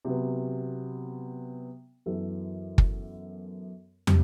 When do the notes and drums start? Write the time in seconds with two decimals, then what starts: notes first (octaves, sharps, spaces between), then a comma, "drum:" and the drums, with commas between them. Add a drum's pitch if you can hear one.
0.05 C3 F#3 B3
2.06 F#2 E3 B3 F#4 A4
2.78 drum: kick
4.07 G3 C4, drum: tom